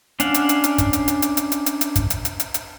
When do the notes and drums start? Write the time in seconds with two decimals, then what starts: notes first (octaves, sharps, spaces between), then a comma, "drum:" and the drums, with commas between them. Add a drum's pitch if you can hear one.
0.20 C#4 D4 F5 F#5, drum: hi-hat
0.34 drum: hi-hat
0.49 drum: hi-hat
0.64 drum: hi-hat
0.78 drum: kick, hi-hat
0.93 drum: hi-hat
1.08 drum: hi-hat
1.22 drum: hi-hat
1.37 drum: hi-hat
1.52 drum: hi-hat
1.66 drum: hi-hat
1.81 drum: hi-hat
1.96 drum: kick, hi-hat
2.10 drum: hi-hat
2.25 drum: hi-hat
2.40 drum: hi-hat
2.54 drum: hi-hat